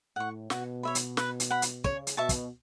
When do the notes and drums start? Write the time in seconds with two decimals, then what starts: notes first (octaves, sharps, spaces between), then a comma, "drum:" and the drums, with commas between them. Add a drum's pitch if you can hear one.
0.16 A2 F#5 C#6
0.50 B2 F#4, drum: snare
0.83 C#5 E5 B5
0.95 drum: hi-hat
1.17 B4, drum: snare
1.40 drum: hi-hat
1.50 F#5 B5
1.62 drum: hi-hat
1.84 C#3 C#5, drum: kick
2.07 drum: hi-hat
2.17 B2 E5 A5 C#6
2.29 drum: kick, hi-hat